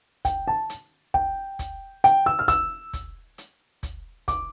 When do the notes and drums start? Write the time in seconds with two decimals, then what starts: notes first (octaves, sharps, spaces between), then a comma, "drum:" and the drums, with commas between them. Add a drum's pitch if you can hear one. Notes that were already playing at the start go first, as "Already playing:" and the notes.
0.25 G5, drum: kick, hi-hat
0.48 A5
0.70 drum: hi-hat
1.14 G5, drum: kick
1.59 drum: kick, hi-hat
2.04 G5, drum: hi-hat
2.26 E6
2.39 F6
2.48 E6, drum: kick, hi-hat
2.93 drum: kick, hi-hat
3.38 drum: hi-hat
3.83 drum: kick, hi-hat
4.28 D6, drum: kick, hi-hat